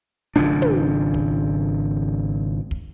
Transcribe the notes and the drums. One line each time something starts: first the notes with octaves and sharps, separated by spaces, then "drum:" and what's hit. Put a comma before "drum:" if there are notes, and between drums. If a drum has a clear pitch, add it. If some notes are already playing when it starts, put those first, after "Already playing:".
G#1 C#3 F3 D4
drum: tom
drum: kick
drum: kick